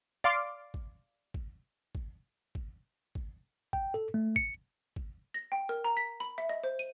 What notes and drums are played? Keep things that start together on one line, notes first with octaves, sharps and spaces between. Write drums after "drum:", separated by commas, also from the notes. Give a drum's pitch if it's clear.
D5 F5 C6 D6
drum: kick
drum: kick
drum: kick
drum: kick
drum: kick
G5, drum: kick
A4
A3
C#7, drum: kick
drum: kick
A#6
G5
A#4
A#5
B6
B5
E5
D#5
C5
D#7